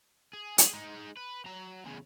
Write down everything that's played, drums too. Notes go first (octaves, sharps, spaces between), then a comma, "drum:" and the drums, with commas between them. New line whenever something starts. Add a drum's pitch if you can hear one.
G#4
G#4, drum: hi-hat
G#3 D#4
B4
F#3 A#5
E2 C#3